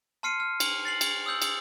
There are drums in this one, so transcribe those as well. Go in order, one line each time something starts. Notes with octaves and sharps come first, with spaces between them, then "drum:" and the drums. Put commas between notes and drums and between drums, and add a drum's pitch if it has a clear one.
A5 C6 F6 C7 C#7 D#7
F6
drum: cymbal
A6 C7 F#7
drum: cymbal
D#6 E6 G6 F#7
drum: cymbal